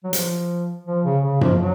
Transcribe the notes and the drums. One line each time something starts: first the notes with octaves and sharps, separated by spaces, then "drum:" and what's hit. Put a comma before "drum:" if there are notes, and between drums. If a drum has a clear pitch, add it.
F#3
F3, drum: hi-hat
F3
C#3
C#3
F3, drum: tom F#2
F#3